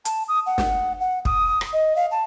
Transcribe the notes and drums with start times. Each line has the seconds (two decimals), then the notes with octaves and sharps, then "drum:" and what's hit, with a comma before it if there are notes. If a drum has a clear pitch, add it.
0.05 A5, drum: hi-hat
0.28 D#6
0.46 F#5
0.58 drum: snare
1.00 F#5
1.25 D#6, drum: kick
1.61 drum: rim click
1.73 D#5
1.96 F5
2.11 A5